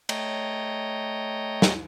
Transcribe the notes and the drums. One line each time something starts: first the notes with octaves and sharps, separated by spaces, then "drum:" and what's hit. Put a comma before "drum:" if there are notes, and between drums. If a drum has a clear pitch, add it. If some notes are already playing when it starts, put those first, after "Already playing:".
A3 C#5 D#5 G5 A#5, drum: cymbal
drum: snare